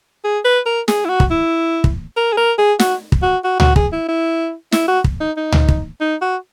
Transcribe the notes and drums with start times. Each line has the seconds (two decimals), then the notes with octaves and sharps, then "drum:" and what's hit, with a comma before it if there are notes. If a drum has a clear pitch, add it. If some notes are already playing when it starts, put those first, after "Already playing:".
0.24 G#4
0.45 B4
0.66 A#4
0.88 G#4, drum: snare
1.05 E4
1.09 F#4
1.20 drum: kick
1.31 E4
1.84 drum: kick
2.16 A#4
2.33 G#4
2.37 A#4
2.58 G#4
2.79 F#4, drum: snare
3.12 drum: kick
3.23 F#4
3.44 F#4
3.60 F#4, drum: tom C#2
3.76 G#4, drum: kick
3.92 E4
4.08 E4
4.72 E4, drum: snare
4.88 F#4
5.04 drum: kick
5.21 D#4
5.37 D#4
5.52 drum: tom C#2
5.68 drum: kick
6.01 D#4
6.22 F#4